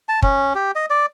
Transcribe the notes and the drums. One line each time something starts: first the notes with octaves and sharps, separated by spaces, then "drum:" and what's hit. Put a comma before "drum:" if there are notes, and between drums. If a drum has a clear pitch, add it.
A5
C#4, drum: kick
G4
D#5
D5